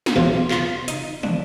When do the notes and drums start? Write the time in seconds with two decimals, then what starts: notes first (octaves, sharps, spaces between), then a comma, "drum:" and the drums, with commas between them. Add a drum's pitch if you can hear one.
0.06 drum: snare
0.16 E2 B2 F#3 F4
0.51 F4, drum: clap
0.88 D#4, drum: hi-hat
1.23 D4, drum: tom